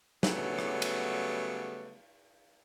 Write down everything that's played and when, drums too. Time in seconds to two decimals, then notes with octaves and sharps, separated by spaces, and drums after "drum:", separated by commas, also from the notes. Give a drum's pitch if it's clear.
0.23 C#3 F#3 G3 A3 B3, drum: snare
0.59 drum: rim click
0.82 drum: cymbal